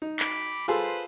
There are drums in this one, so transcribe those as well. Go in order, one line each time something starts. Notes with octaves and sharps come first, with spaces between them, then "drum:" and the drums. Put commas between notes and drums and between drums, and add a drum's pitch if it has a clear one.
D#4
B5 D6, drum: clap
F4 G#4 A4 B4 C5